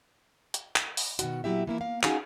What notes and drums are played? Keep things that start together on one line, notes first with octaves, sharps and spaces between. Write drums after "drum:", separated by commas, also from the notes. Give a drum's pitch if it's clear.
drum: hi-hat
drum: clap
drum: open hi-hat
B2 D#3 F#4, drum: hi-hat
A#2 F#3 E4 G4 E5
E3 A#3 E4
A#3 F5
C#4 D#4 F#4 G#4 F5 G#5, drum: clap